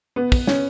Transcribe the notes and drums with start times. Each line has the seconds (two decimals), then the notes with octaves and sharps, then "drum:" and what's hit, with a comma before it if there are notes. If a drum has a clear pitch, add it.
0.16 B3
0.32 drum: kick, open hi-hat
0.47 C#4, drum: snare